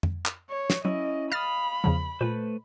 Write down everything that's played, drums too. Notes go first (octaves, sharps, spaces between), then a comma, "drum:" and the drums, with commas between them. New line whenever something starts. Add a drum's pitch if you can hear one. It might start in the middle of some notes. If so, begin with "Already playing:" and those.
drum: tom F2
drum: clap
C#5
drum: snare
F#3 C#4 E4 D#5
F5 B5 D#6 F6 A6
E2 C#3 F3
A#2 A3 B4 C5